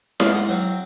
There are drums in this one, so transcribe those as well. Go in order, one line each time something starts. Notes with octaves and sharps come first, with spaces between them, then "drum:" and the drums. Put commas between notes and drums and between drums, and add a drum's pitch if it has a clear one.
G#2 F5, drum: snare E4
F#5
F#3 C4 F#5